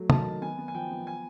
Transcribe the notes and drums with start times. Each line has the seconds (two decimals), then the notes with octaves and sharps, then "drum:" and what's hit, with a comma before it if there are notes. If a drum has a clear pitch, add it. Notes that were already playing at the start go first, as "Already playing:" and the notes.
Already playing: F#3 A3
0.10 D#3 A5, drum: tom
0.26 D#3
0.42 B3 G#5
0.58 B3
0.68 G#5
0.75 F3 G5
0.91 B3
1.07 G#5